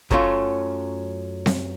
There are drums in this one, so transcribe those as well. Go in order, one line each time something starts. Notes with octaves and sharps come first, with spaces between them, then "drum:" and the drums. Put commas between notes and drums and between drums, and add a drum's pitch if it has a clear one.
F#2 F#3 A3 C#4 F4, drum: kick
drum: snare C4